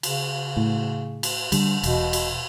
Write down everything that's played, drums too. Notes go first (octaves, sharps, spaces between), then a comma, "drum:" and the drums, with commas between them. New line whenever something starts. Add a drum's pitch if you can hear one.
C#3, drum: cymbal
A2
drum: cymbal
D3 G3, drum: cymbal
E1 B2, drum: cymbal
drum: cymbal